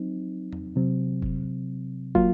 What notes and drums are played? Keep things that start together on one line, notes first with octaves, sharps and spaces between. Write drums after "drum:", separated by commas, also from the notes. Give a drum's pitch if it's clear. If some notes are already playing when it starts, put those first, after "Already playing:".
Already playing: F#3 C4 D#4
drum: tom
C3 F#3 C4
drum: kick
F#3 A#3 F4, drum: kick